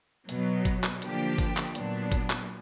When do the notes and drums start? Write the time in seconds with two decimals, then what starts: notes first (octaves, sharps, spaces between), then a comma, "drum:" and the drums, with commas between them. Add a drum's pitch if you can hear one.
0.29 B2 F#3 B3, drum: hi-hat
0.65 drum: kick G1, hi-hat
0.84 drum: clap
1.02 D3 F3 A#3 D4 G4, drum: hi-hat
1.38 drum: kick G1, hi-hat
1.57 drum: clap
1.75 A#2 F#3 B3 D4, drum: hi-hat
2.12 drum: kick G1, hi-hat
2.30 drum: clap